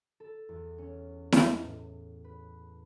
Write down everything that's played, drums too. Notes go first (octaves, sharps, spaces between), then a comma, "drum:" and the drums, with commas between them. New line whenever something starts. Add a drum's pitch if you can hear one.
A4
E2
C#4
drum: snare E4
A2
B4